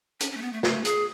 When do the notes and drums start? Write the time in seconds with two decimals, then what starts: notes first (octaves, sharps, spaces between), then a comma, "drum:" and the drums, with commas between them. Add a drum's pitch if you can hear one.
0.20 C#4, drum: hi-hat
0.31 C#4
0.37 A3
0.42 B3
0.53 A3
0.63 A3, drum: snare
0.85 G#4, drum: hi-hat